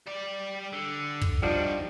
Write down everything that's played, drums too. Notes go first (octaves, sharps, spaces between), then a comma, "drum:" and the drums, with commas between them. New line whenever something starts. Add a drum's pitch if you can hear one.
G3 D5
D3
drum: kick
F3 G3 D4 D#4 F#4